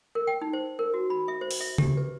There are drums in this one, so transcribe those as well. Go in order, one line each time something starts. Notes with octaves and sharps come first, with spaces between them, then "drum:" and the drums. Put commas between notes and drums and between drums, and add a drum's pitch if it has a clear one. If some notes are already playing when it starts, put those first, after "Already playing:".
A#4
G5
D#4
C5
A#4
F#4
B5
E5
C5
drum: open hi-hat
E5
G4, drum: tom C#3
B4